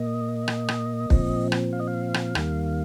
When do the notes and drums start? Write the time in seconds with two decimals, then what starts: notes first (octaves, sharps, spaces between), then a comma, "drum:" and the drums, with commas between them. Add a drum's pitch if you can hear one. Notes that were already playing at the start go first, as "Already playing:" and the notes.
Already playing: A#2 A#3 D#5
0.48 drum: rim click
0.68 drum: rim click
1.10 A#2 F3 C4, drum: kick
1.52 drum: rim click
1.73 F5
1.80 D#5
1.87 F5
2.14 drum: rim click
2.35 D#2 D#3 G3 A#3, drum: rim click